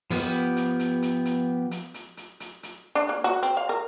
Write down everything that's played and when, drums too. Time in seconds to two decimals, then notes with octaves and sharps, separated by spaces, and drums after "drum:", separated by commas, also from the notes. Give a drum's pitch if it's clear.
0.10 F3 B3 G4 B5 D#6, drum: open hi-hat
0.56 drum: hi-hat
0.79 drum: hi-hat
1.02 drum: hi-hat
1.25 drum: hi-hat
1.71 drum: hi-hat
1.94 drum: hi-hat
2.17 drum: hi-hat
2.40 drum: hi-hat
2.63 drum: hi-hat
2.95 D4
3.09 A#3
3.24 F#4
3.43 C4
3.57 F5
3.69 A#4